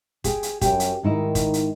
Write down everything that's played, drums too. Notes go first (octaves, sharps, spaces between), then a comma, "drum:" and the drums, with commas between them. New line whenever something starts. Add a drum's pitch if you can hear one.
G4 G#4, drum: kick, hi-hat
drum: hi-hat
F#2 G4, drum: kick, hi-hat
drum: hi-hat
G#2 D#3 D#4 E4
drum: kick, hi-hat
drum: hi-hat